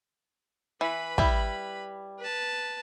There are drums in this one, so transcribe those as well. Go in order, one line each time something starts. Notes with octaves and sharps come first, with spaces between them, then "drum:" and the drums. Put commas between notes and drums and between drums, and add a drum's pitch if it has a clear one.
E3 B4 B5
G3 E4, drum: kick
B4 A5